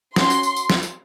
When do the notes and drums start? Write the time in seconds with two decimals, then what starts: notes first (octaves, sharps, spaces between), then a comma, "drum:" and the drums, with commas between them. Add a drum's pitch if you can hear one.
0.16 C#4 F#4 C6, drum: snare
0.30 drum: tambourine
0.43 drum: tambourine
0.56 drum: tambourine
0.70 drum: snare
0.83 drum: tambourine